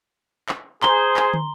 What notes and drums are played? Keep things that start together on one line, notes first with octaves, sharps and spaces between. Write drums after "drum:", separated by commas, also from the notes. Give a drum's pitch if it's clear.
drum: clap
G#4 C5 A#5 C6 G7, drum: clap
drum: clap
drum: tom